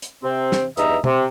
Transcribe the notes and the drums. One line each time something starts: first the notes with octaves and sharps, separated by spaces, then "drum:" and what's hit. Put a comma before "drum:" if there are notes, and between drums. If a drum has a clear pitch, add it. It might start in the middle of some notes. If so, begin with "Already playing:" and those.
drum: hi-hat
C3 C4
drum: snare
E2 G2 D#4 E5 A#5 D#6, drum: hi-hat
C3, drum: tom